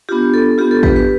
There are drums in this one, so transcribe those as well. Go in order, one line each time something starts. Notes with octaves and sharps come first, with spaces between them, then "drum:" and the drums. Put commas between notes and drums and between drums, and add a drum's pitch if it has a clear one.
B3 D4 F4 G4
A4
B3 D4 F4 G4
A4
G4 B4, drum: kick
G4 B4